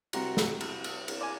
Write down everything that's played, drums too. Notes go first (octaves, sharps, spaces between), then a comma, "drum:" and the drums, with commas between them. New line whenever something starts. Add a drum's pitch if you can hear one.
C3 G3 F#4 A#5, drum: cymbal
drum: snare
drum: cymbal
drum: cymbal
drum: cymbal
D5 G#5